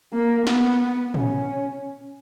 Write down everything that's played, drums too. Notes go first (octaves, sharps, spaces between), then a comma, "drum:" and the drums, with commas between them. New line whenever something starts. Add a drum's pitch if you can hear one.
A#3
B3, drum: snare
C#4, drum: tom